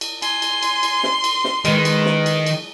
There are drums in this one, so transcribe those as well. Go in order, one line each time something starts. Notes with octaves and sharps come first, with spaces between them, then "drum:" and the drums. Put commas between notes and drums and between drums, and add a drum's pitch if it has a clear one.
drum: cymbal
G#5 C6, drum: cymbal
drum: cymbal
drum: cymbal
drum: cymbal
drum: snare
drum: cymbal
drum: snare
D#3 G#3 B4, drum: cymbal
drum: cymbal
drum: snare
drum: cymbal
drum: cymbal